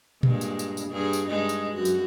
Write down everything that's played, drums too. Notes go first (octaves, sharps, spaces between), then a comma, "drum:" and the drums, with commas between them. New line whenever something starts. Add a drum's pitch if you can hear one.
G2 A#2 G#3, drum: tom A#2
drum: tambourine
drum: tambourine
drum: tambourine
G2 G#4
drum: tambourine
G2 G#3 D#4
drum: tambourine
F#2 F#4
drum: tambourine